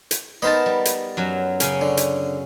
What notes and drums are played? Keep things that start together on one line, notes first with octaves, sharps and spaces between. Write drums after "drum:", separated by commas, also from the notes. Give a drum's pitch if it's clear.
drum: hi-hat
B3 D#4 A#4 C5 D#5 A5
G3
drum: hi-hat
F#2 F#3
C#3 C#4, drum: hi-hat
D3
drum: hi-hat